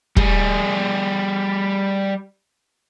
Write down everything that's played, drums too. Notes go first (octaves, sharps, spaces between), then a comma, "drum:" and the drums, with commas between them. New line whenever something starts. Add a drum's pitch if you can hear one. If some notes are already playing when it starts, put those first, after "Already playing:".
G3 G#4, drum: kick